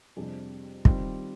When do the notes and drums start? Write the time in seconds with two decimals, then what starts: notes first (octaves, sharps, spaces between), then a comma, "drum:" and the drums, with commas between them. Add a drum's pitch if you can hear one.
0.16 F2 C3 G3 D4 G#4
0.85 D#3 G3 C4 F4, drum: kick